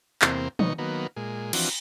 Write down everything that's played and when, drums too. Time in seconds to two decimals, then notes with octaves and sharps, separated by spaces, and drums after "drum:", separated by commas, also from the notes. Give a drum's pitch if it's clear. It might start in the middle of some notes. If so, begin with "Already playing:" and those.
0.22 E2 C3 A#3 C4, drum: clap
0.59 B2 D#3 D#4 C#6, drum: tom
0.78 D#3 F#3 A#3 B3
1.16 A#2 G#3
1.53 E3 F3 C4 D4 F#4, drum: cymbal